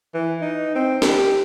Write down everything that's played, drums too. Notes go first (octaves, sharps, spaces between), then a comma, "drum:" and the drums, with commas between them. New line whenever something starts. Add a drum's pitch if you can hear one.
E3
D#4
C4
G4, drum: snare